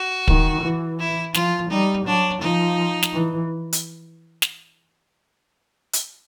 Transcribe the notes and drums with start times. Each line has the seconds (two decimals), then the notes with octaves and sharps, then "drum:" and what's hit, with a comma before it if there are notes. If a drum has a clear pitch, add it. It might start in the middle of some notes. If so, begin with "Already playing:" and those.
Already playing: F#4
0.28 D#3, drum: kick
0.62 E3
0.99 E4
1.34 F3 F4, drum: snare
1.70 G3 D#4
2.05 F#3 D4
2.41 F3 D#4
3.03 drum: snare
3.13 E3
3.73 drum: hi-hat
4.42 drum: snare
5.93 drum: hi-hat